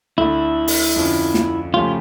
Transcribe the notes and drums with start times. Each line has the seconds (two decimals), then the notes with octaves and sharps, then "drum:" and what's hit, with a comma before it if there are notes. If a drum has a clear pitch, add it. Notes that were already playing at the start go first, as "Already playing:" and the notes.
0.18 D2 D3 A3 E4
0.68 drum: open hi-hat
0.96 F2 D3 F3 C#4
1.34 drum: snare
1.74 C#3 F3 A3 C#4 F4 G4